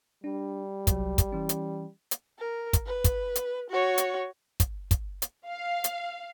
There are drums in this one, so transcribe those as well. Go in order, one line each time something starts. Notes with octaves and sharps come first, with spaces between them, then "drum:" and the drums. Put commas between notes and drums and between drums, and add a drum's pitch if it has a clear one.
G3 D4
C2 F#3, drum: kick, hi-hat
drum: kick, hi-hat
E3 C#4
drum: hi-hat
drum: hi-hat
A#4
drum: kick, hi-hat
B4
drum: kick, hi-hat
drum: hi-hat
F#4 C#5
drum: hi-hat
drum: kick, hi-hat
drum: kick, hi-hat
drum: hi-hat
F5
drum: hi-hat